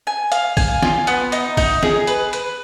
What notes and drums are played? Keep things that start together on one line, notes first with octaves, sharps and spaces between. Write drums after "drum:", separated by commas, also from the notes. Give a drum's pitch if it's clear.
G#5
F5, drum: hi-hat
G#5, drum: kick, open hi-hat
F4, drum: snare
B3, drum: hi-hat
D#4, drum: hi-hat
D#4, drum: kick, open hi-hat
G#4, drum: snare
B4, drum: hi-hat
B4, drum: hi-hat